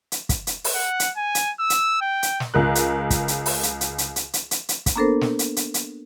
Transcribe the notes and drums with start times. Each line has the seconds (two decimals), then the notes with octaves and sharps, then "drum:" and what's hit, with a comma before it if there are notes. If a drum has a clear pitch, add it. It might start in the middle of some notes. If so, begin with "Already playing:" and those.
0.12 drum: hi-hat
0.29 drum: kick, hi-hat
0.47 drum: hi-hat
0.64 drum: open hi-hat
0.75 F#5
1.00 drum: hi-hat
1.17 G#5
1.35 drum: hi-hat
1.60 E6
1.70 drum: hi-hat
2.01 G5
2.23 drum: hi-hat
2.40 drum: snare
2.54 C#2 A#4 F#6
2.75 drum: hi-hat
3.10 drum: kick, hi-hat
3.28 drum: hi-hat
3.46 drum: open hi-hat
3.63 drum: hi-hat
3.81 drum: hi-hat
3.98 drum: hi-hat
4.16 drum: hi-hat
4.33 drum: hi-hat
4.51 drum: hi-hat
4.69 drum: hi-hat
4.86 drum: kick, hi-hat
4.96 A#3 B3 D4 A4 A#4 C5
5.21 drum: snare
5.39 drum: hi-hat
5.56 drum: hi-hat
5.74 drum: hi-hat